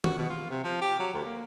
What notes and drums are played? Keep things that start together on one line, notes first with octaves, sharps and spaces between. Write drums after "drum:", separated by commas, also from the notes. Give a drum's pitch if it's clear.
F#4, drum: tom
B2
F4
C3
F3
G4
F#3
D2
A#3